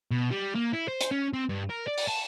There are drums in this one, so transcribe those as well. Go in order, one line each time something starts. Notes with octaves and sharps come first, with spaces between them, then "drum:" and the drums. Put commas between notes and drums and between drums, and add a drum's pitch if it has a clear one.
B2
G3
A#3
E4
C5
drum: hi-hat
C#4
C4
G2
A#4
D5
drum: open hi-hat
A5